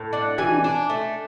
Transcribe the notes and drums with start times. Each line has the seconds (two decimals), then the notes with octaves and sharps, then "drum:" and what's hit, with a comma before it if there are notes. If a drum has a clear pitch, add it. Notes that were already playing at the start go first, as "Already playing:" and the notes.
Already playing: A2
0.13 D4 F#5
0.38 E3 G#5, drum: tom
0.64 D4
0.90 A3